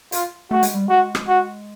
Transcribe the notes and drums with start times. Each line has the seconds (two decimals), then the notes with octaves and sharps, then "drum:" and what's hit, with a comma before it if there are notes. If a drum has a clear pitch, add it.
0.12 F4, drum: hi-hat
0.51 A3 F#4
0.63 G#3, drum: hi-hat
0.74 G3
0.86 G#3 F#4
1.15 drum: rim click
1.28 F#4